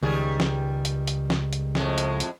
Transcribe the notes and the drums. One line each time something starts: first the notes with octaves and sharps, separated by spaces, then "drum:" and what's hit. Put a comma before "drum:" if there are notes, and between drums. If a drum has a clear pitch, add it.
C#2 D#3 G3 G#4
drum: snare
drum: hi-hat
drum: hi-hat
drum: snare
drum: hi-hat
F2 A2 G#3, drum: snare
drum: hi-hat
drum: hi-hat